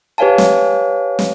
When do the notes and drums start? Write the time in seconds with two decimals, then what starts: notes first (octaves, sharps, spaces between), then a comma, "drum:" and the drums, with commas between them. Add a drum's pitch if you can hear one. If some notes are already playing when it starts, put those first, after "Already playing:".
0.18 G4 B4 C#5 F5 G#5 A5
0.38 drum: snare
1.19 drum: snare